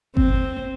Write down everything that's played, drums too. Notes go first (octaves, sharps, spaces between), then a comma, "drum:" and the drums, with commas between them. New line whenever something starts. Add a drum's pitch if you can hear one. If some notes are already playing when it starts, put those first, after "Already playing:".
C4, drum: kick G1